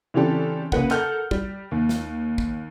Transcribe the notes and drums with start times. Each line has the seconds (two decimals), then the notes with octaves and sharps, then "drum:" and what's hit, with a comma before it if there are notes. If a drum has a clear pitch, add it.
0.14 C#3 E3 C4 D4 G4 A4
0.72 C#3 A#3 B4 F#5, drum: kick
0.91 A4 A#4 F#5 F6 G6, drum: clap
1.31 G3, drum: kick
1.71 D#2
1.89 drum: snare
2.38 drum: kick